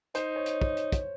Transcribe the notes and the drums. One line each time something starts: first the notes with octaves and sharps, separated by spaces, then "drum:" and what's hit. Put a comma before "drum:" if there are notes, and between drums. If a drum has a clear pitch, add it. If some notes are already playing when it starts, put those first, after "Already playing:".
D#4 C5, drum: hi-hat
C#5
drum: hi-hat
drum: kick
drum: hi-hat
drum: kick, hi-hat